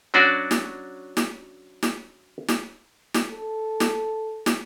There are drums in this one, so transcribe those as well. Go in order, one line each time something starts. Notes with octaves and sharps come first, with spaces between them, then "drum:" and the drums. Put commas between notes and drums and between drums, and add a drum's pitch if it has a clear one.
F#3 C#4 D4 F#4 D5
drum: snare
drum: snare
drum: snare
drum: snare
drum: snare
A4
drum: snare
drum: snare